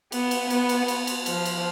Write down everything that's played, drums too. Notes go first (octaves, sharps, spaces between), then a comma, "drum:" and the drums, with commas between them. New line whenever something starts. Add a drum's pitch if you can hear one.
B3, drum: cymbal
drum: cymbal
B3, drum: cymbal
drum: cymbal
drum: cymbal
drum: cymbal
F3, drum: cymbal
drum: cymbal